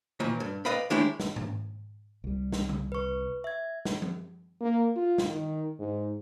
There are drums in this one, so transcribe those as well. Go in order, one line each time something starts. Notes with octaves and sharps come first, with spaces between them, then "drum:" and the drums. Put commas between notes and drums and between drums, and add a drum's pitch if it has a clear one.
D#2 A#2 D#3 E3
G2
B4 D5 D#5 F5 G5 B5
D#3 G#3 D4 E4 G4 C#5
drum: snare
drum: tom G#2
C2 G3
drum: snare
drum: tom C#3
B4 C#6
E5 G#6
drum: snare
drum: tom F3
A#3
F4
drum: snare
D#3
G#2